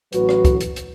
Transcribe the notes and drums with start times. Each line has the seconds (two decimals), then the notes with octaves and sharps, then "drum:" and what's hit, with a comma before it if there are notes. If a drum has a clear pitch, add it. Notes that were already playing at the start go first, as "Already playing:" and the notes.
0.13 A1 A2 F#3 F#4 B4, drum: hi-hat
0.29 drum: rim click
0.45 drum: kick, hi-hat
0.60 drum: hi-hat
0.76 drum: hi-hat